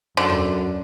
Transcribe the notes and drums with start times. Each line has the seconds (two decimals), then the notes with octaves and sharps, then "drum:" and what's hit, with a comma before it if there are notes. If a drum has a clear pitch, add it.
0.17 F#2 D3
0.30 drum: tom D#2